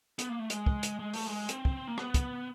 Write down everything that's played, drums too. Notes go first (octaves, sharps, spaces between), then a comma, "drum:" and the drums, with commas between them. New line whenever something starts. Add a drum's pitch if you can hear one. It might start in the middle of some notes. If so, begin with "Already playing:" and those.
B3, drum: hi-hat
A#3
A3
G#3, drum: hi-hat
drum: kick
drum: hi-hat
G#3
A3, drum: open hi-hat
G#3
C4, drum: hi-hat
drum: kick
A#3
B3, drum: rim click
drum: kick, hi-hat